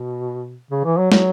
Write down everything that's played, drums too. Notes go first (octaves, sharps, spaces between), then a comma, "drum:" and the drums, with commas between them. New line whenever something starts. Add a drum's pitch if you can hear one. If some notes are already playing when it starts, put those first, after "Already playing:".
Already playing: B2
C#3
E3
F#3
F#3, drum: snare